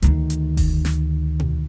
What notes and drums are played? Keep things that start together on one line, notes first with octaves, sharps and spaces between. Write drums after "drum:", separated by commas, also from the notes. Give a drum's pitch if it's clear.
D2 D#3, drum: hi-hat
drum: hi-hat
drum: kick F1, open hi-hat
drum: snare
drum: tom